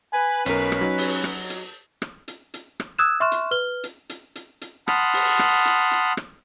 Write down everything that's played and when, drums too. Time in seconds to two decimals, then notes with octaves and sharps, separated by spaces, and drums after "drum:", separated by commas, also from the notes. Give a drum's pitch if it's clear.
0.13 B4 G#5
0.46 B1 C#4 A#4, drum: hi-hat
0.72 drum: rim click
0.81 F#3 D#4
0.98 drum: open hi-hat
1.24 drum: rim click
1.50 drum: hi-hat
2.02 drum: rim click
2.28 drum: hi-hat
2.54 drum: hi-hat
2.80 drum: rim click
2.99 D#6 E6 F#6 G#6 E7
3.20 E5 C6 C#6 F6 F#6 E7
3.32 drum: hi-hat
3.51 B4 F6 G7
3.84 drum: hi-hat
4.09 drum: hi-hat
4.35 drum: hi-hat
4.61 drum: hi-hat
4.88 F#5 A5 B5 C6 D#6 F6, drum: rim click
5.13 drum: open hi-hat
5.39 drum: rim click
5.65 drum: hi-hat
5.91 drum: hi-hat
6.17 drum: rim click